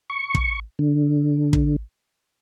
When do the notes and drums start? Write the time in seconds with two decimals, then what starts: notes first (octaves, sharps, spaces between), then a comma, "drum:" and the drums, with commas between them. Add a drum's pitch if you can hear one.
0.10 C#6
0.35 drum: kick
0.79 D3
1.53 drum: kick